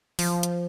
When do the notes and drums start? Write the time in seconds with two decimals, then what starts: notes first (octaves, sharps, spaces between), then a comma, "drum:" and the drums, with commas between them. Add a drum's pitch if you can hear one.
0.19 F3, drum: open hi-hat
0.43 drum: hi-hat